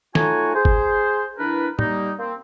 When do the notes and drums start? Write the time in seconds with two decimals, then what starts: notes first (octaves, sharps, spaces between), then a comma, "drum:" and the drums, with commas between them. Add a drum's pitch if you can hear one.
0.15 A3 D#4 F4 F#4 C#5 G#5, drum: snare
0.55 G#4 C5
0.65 drum: kick G1
1.38 E3 D4 E4 A#4 B4
1.79 G3 A#3 D#4, drum: tom
2.19 A#3 C4